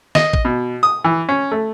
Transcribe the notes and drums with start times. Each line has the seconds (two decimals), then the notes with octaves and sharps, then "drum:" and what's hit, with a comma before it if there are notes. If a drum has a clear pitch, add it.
0.15 D#5, drum: snare
0.33 drum: kick
0.45 B2
0.83 D#6
1.04 E3
1.29 C#4
1.52 A3